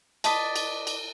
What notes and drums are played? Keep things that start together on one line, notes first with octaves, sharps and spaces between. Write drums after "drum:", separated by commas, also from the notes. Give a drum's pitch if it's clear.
B4 D5 D#5 A5, drum: cymbal
drum: cymbal
drum: cymbal